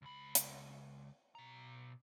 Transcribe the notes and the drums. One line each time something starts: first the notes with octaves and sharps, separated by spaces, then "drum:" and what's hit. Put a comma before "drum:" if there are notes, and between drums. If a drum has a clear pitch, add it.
C#2 B5
drum: hi-hat
B2 A#5